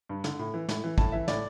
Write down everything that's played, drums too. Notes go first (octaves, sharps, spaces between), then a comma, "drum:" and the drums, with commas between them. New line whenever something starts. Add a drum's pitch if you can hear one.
G2
D3, drum: snare
A2
E3
A2, drum: snare
E3
A2 A5, drum: kick
E3 E5
A2 D5, drum: snare